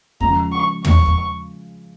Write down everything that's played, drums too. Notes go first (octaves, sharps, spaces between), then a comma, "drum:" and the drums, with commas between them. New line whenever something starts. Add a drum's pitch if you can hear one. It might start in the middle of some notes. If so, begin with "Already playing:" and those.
C#3 F3 G#3 C#4 A#5, drum: kick E2
C#6
C#6, drum: tom
drum: kick E2